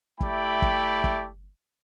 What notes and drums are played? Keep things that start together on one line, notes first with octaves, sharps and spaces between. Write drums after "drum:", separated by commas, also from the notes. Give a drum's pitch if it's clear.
A3 E4 G4 D5 G5 B5, drum: kick
drum: kick
drum: kick